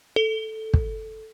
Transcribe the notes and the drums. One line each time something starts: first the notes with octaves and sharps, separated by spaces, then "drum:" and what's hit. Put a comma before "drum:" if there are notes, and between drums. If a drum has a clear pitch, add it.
A4
drum: kick